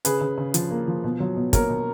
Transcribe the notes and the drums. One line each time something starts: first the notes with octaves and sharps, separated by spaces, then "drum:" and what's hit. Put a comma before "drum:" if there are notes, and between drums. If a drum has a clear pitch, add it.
C#3 G#4 B4, drum: hi-hat
C#3
C#3
F3, drum: hi-hat
A#3
F3
B2
F#3
B2
A#3 A#4 C#5, drum: kick, hi-hat
B2